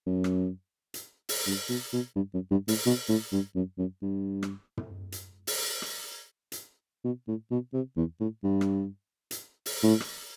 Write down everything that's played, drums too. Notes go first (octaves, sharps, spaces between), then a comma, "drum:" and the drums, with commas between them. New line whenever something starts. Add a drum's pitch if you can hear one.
F#2
drum: rim click
drum: hi-hat
drum: open hi-hat
G2
B2
B2
G2
F#2
G2
A2, drum: open hi-hat
B2
A2
G2
F#2
F#2
G2
drum: rim click
drum: tom
drum: hi-hat
drum: open hi-hat
drum: rim click
drum: hi-hat
B2
A2
B2
C3
E2
A2
G2
drum: rim click
drum: hi-hat
drum: open hi-hat
A2
drum: rim click